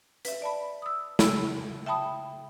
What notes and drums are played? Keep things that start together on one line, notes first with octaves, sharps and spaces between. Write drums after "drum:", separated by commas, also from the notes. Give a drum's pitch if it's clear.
B4 E5, drum: hi-hat
D5 A5 B5
D#6 E6
C#3 B5 E6, drum: snare
E5 G5 A5 B5 D#6